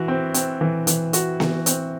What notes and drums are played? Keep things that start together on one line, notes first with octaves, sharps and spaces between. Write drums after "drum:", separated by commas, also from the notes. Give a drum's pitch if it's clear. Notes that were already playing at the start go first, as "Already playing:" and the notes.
Already playing: E3 F#4
C4
C4, drum: hi-hat
E3
E3, drum: hi-hat
F#4, drum: hi-hat
E3, drum: snare B3
C4, drum: hi-hat